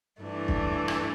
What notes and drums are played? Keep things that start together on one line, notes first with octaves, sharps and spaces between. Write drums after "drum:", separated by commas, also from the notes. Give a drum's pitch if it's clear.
G2 E3 A3 D4
drum: kick
drum: rim click